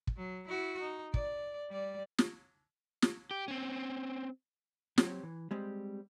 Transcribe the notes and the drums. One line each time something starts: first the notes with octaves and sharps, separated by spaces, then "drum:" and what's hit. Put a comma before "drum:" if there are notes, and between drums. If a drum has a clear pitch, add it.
drum: kick
F#3
E4 F#4
D#4
D5, drum: kick
G3 D5
drum: snare
drum: snare
G4
C4 C#4
F#3 C4 G4 C#5, drum: snare
E3
G3 G#3 C4 G4